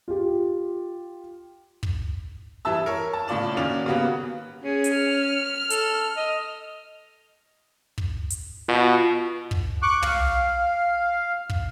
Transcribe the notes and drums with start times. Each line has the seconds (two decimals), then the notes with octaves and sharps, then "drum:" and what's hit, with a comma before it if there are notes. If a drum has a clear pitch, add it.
0.08 F4 G4
1.83 drum: kick
2.65 E3 G3 E5 A5 E6
2.86 A#4 C#5
3.13 A5
3.28 A2 C#3 F4 D5 E7
3.57 D#3 A#3 C#4 F#4 D5 F7
3.86 C#3 G3 A#3 B3 F#4
4.64 C#4 G#4
4.84 drum: hi-hat
4.93 F6
5.70 A4, drum: hi-hat
6.17 D#5
7.98 drum: kick
8.30 drum: hi-hat
8.68 B2 F4
9.51 drum: kick
9.83 C#6 D6 F#6
10.02 F5, drum: tom
11.49 drum: kick